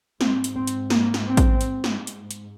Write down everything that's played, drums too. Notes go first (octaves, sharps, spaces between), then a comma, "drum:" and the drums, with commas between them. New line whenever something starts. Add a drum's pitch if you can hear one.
G#2 C4, drum: snare
drum: hi-hat
C4
drum: hi-hat
A#3, drum: snare
drum: snare
C4
drum: kick, hi-hat
drum: hi-hat
drum: snare
drum: hi-hat
drum: hi-hat